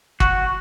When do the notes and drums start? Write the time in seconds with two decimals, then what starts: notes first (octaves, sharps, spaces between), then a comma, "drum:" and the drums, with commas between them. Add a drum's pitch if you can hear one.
0.20 F#4, drum: kick